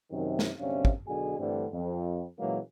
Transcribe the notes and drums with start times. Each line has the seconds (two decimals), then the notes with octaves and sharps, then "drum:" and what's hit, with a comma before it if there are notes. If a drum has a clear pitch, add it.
0.12 F#2 C3 D#3
0.39 drum: snare
0.60 G1 F#2 C3 C#4 D4 F5
0.85 drum: kick
1.08 B1 B2 D3 F#4 G#4 G#5
1.39 G2 D3 E3 G3 A3 C4
1.72 F2
2.40 A#2 C#3 E3 F#3 G#3 A#3